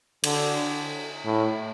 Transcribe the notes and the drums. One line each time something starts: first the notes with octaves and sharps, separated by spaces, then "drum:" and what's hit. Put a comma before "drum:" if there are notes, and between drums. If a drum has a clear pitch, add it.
D3, drum: cymbal
A2